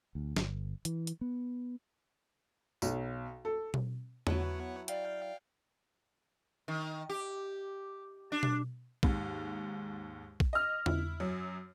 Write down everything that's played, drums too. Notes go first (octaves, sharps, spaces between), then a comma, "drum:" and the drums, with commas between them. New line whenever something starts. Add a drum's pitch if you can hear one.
D2
G1, drum: snare
E3, drum: hi-hat
drum: hi-hat
B3
B1, drum: tambourine
A4
drum: tom B2
F#3 B3 E4 C#5 F#5 A5, drum: tom E2
D5 F5 G5, drum: hi-hat
D#3
G4
D4
drum: tom B2
D#2 G#2, drum: kick
drum: kick
D#5 F6
E4, drum: tom E2
F#2 F#3